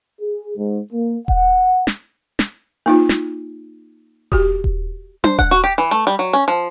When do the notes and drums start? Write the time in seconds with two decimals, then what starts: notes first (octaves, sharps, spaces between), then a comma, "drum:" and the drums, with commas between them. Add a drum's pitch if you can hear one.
0.21 G#4
0.58 G#2
0.93 A#3
1.28 F#5, drum: kick D#1
1.87 drum: snare
2.39 drum: snare
2.86 A#3 D#4 F4
3.09 drum: snare
4.32 F#4 G4, drum: kick D#1
4.64 drum: kick D#1
5.24 C5, drum: tom D4
5.39 F#5, drum: kick D#1
5.51 F#4
5.64 G4
5.78 E3
5.91 A3
6.07 G3
6.19 F#3
6.33 C#4
6.48 F3